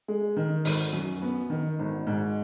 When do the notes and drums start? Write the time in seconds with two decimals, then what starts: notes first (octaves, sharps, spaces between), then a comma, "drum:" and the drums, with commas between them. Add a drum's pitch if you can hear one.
0.08 G#3
0.37 D#3
0.65 G#1, drum: open hi-hat
0.93 F#2
1.22 B3
1.50 D#3
1.79 G#1
2.07 G#2